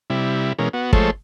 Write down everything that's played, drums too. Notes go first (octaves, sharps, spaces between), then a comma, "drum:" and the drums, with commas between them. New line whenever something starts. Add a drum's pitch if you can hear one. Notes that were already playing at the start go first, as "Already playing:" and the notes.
C3 G3 E4
B2 E3 G#3 C#4 A#4
B3 F#4
F3 G#3 A3 A4 C5 C#5, drum: kick